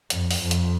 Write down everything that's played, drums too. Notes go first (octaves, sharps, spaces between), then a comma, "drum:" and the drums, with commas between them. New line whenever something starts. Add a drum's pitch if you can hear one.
F2, drum: hi-hat
drum: open hi-hat
F2
drum: hi-hat